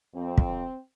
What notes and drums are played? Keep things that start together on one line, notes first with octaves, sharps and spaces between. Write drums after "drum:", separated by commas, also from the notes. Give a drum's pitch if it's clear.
F2 C4
drum: kick